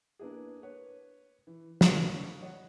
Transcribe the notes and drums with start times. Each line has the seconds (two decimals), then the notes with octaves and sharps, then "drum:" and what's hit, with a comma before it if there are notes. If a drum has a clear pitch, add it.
0.19 A#3 B3 D4 E4 G#4
0.62 B4 C#5
1.47 E3
1.81 B5 C#6, drum: snare
2.41 C#5 D#5 F#5